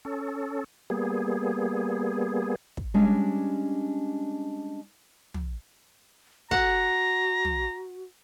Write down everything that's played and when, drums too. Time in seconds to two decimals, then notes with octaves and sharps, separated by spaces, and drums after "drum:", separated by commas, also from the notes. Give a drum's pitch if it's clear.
0.05 C#4 A4
0.90 G3 A#3 B3 G#4
2.77 drum: kick
2.94 G3 G#3 C#4 D4
5.34 drum: tom
6.51 F#4 F#5 A#5, drum: kick
7.45 drum: tom